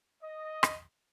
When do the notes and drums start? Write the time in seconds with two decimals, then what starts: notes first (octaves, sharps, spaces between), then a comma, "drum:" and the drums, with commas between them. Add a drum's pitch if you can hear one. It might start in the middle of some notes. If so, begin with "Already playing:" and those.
0.24 D#5
0.63 drum: rim click